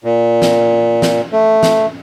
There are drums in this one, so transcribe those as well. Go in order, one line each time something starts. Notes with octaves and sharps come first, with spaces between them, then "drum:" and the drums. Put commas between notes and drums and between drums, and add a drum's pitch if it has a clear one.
A#2
drum: snare
drum: snare
A3
drum: snare